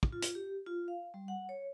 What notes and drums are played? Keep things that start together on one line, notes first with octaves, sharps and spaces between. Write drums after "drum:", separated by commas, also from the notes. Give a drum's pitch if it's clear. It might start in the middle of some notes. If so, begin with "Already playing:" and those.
drum: kick
F4
drum: hi-hat
G4
F4
F5
G3
F#5
C#5